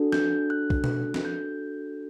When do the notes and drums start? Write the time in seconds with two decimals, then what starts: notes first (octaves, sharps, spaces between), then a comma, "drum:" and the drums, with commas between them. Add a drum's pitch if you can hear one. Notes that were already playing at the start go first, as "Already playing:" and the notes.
Already playing: D4 F#4 A4
0.12 G6, drum: snare
0.50 F#6
0.70 drum: kick
0.84 drum: tom B2
1.14 drum: snare
1.25 G6